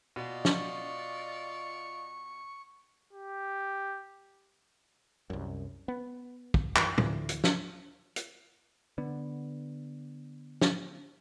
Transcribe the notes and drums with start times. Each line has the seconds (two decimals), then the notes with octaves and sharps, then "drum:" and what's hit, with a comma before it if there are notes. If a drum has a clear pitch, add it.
0.16 B2 F4 D5 D#5
0.45 C#6, drum: snare
3.13 G4
5.30 C2 F#2
5.88 B3
6.54 drum: kick
6.76 F#2 D#3 E3, drum: clap
6.98 D2 D3 E3 F3, drum: tom
7.29 drum: hi-hat
7.44 drum: snare
8.16 drum: hi-hat
8.98 D3 B3
10.62 drum: snare